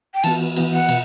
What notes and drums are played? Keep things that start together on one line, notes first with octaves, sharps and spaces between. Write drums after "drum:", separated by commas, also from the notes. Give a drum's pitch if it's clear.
G5
E3 B3 F#4 A5, drum: cymbal
E3 B3 F#4, drum: cymbal
F#5
B2, drum: cymbal